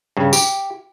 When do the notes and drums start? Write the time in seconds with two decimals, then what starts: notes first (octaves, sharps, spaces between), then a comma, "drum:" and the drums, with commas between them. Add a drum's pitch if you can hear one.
0.17 G2 C#3
0.33 G4, drum: tambourine